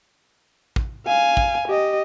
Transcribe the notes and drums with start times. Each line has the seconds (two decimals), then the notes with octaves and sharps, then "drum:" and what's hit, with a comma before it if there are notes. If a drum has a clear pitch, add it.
0.76 drum: kick
1.06 F5 G#5
1.37 drum: kick
1.67 G4 D#5